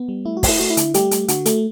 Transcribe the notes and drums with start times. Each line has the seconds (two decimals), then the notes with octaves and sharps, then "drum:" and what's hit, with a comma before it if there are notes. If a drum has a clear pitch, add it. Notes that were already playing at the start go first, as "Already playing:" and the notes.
Already playing: B3
0.09 G3
0.25 A3 E4
0.37 F#4
0.43 A3, drum: kick, open hi-hat
0.48 E4
0.59 A3 F#4
0.70 E4
0.77 D3, drum: hi-hat
0.94 G3 A3 G4, drum: hi-hat
1.11 A3, drum: hi-hat
1.28 D3 F#4, drum: hi-hat
1.46 A3, drum: hi-hat